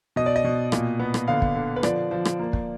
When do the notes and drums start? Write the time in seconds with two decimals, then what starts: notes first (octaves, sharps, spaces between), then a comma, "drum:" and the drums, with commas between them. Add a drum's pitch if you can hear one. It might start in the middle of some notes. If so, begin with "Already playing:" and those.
0.16 B2 D#5
0.26 D5
0.36 D#5
0.44 B2
0.72 A#2, drum: rim click
1.00 B3
1.14 drum: rim click
1.28 D3 F5
1.42 drum: kick
1.55 D3
1.76 B4
1.83 F3 D5, drum: rim click
2.11 F3
2.25 drum: rim click
2.39 A#3
2.53 drum: kick